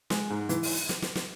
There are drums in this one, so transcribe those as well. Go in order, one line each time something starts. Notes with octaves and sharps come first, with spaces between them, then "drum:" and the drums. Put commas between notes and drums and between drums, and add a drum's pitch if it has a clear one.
G#3, drum: snare
G#2
E3, drum: hi-hat
drum: open hi-hat
drum: hi-hat
drum: snare
drum: snare
drum: snare